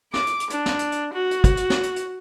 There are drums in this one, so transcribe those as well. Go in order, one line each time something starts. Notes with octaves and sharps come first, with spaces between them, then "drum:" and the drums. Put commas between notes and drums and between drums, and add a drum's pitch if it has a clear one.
D6, drum: snare
drum: hi-hat
drum: hi-hat
D4, drum: hi-hat
drum: snare
drum: hi-hat
drum: hi-hat
F#4
drum: hi-hat
drum: kick, hi-hat
drum: hi-hat
drum: snare
drum: hi-hat
drum: hi-hat